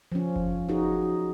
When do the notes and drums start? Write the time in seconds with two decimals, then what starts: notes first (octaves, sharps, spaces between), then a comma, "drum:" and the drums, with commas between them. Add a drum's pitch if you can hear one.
0.12 F3 C#4
0.36 drum: kick F#1
0.69 D#4 F#4 G#4